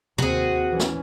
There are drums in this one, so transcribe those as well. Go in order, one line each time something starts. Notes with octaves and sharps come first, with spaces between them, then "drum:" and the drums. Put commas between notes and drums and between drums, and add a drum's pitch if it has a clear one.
D#2 C4 F#4 G#4, drum: tom
E3 C#4
drum: snare